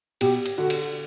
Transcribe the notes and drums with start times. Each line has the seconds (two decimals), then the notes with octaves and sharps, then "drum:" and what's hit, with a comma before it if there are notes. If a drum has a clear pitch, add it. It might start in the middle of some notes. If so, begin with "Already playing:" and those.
0.21 B2 G4, drum: cymbal
0.46 drum: cymbal
0.58 D3 F#4
0.70 drum: cymbal